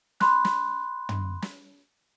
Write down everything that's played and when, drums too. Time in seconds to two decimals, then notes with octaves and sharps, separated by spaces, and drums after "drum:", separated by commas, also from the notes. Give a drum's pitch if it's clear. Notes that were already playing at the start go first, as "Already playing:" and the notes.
0.20 B5 C6 F#6, drum: snare
0.45 drum: snare
1.09 drum: tom
1.42 drum: snare